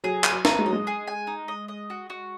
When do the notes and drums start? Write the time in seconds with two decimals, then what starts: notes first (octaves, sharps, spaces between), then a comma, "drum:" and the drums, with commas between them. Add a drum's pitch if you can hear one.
0.04 F#3 G#4
0.24 G#5, drum: clap
0.32 F#3
0.45 D#4, drum: snare
0.59 G#3
0.66 F#3 D#5
0.73 G#3
0.87 G#4
1.07 G#5
1.27 D#4
1.48 D#5
1.68 D#5
1.90 F#4
2.10 F#4